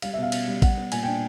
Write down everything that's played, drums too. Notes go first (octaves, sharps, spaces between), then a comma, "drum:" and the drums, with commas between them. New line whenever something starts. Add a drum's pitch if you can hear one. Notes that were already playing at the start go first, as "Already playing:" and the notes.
G3 F5, drum: cymbal
E5
B2
F5
B2, drum: cymbal
G3
G3 F#5, drum: kick A1, cymbal
B3
A#2 G#5, drum: cymbal
D4 G5